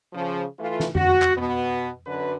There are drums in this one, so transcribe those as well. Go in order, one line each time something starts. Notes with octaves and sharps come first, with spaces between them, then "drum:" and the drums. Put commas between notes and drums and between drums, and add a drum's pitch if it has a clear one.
C#3 F3
E3 A3 F4
drum: snare
F#4, drum: tom F2
drum: clap
B2 B3
F#2 D3 B4